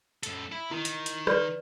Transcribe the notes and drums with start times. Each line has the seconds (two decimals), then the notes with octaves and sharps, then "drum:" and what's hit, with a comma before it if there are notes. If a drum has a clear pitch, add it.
0.23 F#2 A4, drum: hi-hat
0.52 E4
0.71 D#3 E4
0.85 drum: hi-hat
1.06 drum: hi-hat
1.27 B4 D5, drum: rim click